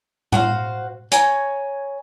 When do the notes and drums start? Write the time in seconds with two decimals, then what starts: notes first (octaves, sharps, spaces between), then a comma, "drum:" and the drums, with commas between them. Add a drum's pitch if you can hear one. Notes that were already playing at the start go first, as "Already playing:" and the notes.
0.32 F#4 C5 F5, drum: tom A2
1.12 C#5 G#5 A#5, drum: hi-hat